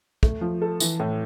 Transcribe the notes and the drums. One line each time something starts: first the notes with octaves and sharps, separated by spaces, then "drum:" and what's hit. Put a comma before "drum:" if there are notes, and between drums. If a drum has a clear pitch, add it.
A3, drum: kick
F3
A4
E3, drum: tambourine
A2